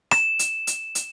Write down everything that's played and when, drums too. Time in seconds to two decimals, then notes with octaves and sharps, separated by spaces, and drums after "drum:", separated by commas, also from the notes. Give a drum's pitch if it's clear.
0.11 E7, drum: rim click
0.39 drum: hi-hat
0.67 drum: hi-hat
0.95 drum: hi-hat